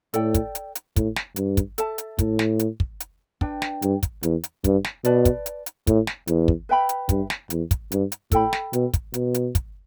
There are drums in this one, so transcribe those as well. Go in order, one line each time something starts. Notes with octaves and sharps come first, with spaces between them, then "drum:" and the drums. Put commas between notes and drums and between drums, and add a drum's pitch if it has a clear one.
A2 A4 D5 G5, drum: hi-hat
drum: kick, hi-hat
drum: hi-hat
drum: hi-hat
A2, drum: kick, hi-hat
drum: snare
G2, drum: hi-hat
drum: kick, hi-hat
A4 E5 A5, drum: hi-hat
drum: hi-hat
A2, drum: kick, hi-hat
drum: snare
drum: hi-hat
drum: kick
drum: hi-hat
D4 B4 G5, drum: kick
drum: snare
G2, drum: hi-hat
drum: kick, hi-hat
E2, drum: hi-hat
drum: hi-hat
G2, drum: kick, hi-hat
drum: snare
B2 B4 D5 A5, drum: hi-hat
drum: kick, hi-hat
drum: hi-hat
drum: hi-hat
A2, drum: kick, hi-hat
drum: snare
E2, drum: hi-hat
drum: kick
B4 E5 G5 B5
drum: hi-hat
G2, drum: kick, hi-hat
drum: snare
E2, drum: hi-hat
drum: kick, hi-hat
G2, drum: hi-hat
drum: hi-hat
A2 A4 G5 B5, drum: kick, hi-hat
drum: snare
B2, drum: hi-hat
drum: kick, hi-hat
B2, drum: hi-hat
drum: hi-hat
drum: kick, hi-hat